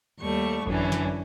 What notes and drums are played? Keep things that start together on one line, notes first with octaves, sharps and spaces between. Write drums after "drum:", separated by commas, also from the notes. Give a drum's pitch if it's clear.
D#2 G3 A3 C#6
F#2 D3 E3 C#4 D4, drum: kick G#1
drum: snare